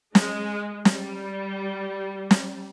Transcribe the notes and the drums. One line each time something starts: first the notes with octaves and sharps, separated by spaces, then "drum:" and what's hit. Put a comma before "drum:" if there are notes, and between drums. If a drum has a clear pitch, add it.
G#3, drum: snare
G3, drum: snare
drum: snare